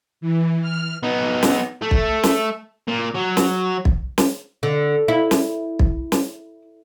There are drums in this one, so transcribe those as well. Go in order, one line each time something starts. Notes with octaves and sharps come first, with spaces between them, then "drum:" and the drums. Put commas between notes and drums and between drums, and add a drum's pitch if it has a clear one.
E3
F6
B3 D#4
drum: snare
A3
drum: kick
drum: snare
A#2
F#3
drum: snare
drum: kick
drum: snare
D3
E4
drum: snare
drum: kick
drum: snare